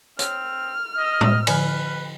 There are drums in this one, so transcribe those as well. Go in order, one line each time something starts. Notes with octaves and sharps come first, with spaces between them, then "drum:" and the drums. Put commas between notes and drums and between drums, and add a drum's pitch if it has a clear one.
C4 C#5 F6, drum: hi-hat
D#5
drum: tom A2
D3 F3 B4 G#5, drum: cymbal